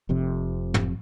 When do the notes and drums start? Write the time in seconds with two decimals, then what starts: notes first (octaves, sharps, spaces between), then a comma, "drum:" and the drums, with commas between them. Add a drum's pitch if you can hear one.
0.09 F1 F2 C3
0.74 drum: tom